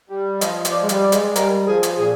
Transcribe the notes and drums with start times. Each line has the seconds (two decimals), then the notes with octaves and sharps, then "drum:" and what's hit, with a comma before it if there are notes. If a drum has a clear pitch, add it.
0.09 G3
0.41 F3 D#5, drum: hi-hat
0.65 F3, drum: hi-hat
0.72 D5
0.82 G#3
0.89 G3, drum: hi-hat
1.05 D5
1.12 G#3, drum: hi-hat
1.36 G3 A#4, drum: hi-hat
1.67 F3 G#4
1.83 drum: hi-hat
1.98 A#2 G#4